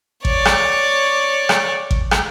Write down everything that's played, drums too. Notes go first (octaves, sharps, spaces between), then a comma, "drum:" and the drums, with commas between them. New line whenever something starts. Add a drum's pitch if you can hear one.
C#5 D5, drum: kick G#1
drum: rim click
drum: rim click
drum: kick G#1
drum: rim click